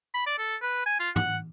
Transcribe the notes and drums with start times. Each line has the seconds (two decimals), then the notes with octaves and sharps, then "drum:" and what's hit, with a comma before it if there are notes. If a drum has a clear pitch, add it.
0.14 B5
0.26 D5
0.38 A4
0.62 B4
0.86 G#5
1.00 F4
1.16 F#5, drum: tom